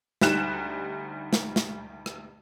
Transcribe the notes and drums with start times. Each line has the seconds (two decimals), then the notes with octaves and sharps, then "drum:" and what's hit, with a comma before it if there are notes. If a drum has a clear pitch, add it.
0.21 D2 G3 D#4 F#6 E7, drum: snare
1.33 drum: snare
1.56 drum: snare
2.06 drum: rim click